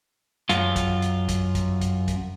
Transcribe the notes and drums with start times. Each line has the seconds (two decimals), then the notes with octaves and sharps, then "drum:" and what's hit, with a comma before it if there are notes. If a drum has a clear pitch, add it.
0.49 F#2 F4, drum: hi-hat
0.76 drum: kick, hi-hat
1.02 drum: hi-hat
1.29 drum: kick, hi-hat
1.55 drum: kick, hi-hat
1.81 drum: kick, hi-hat
2.08 drum: kick, hi-hat